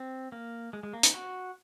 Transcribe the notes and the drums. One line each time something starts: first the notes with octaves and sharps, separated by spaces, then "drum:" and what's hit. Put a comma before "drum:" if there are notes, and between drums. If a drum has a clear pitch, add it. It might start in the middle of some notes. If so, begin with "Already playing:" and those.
Already playing: C4
A#3
G#3
G#3
A#3
D#4, drum: hi-hat
F#4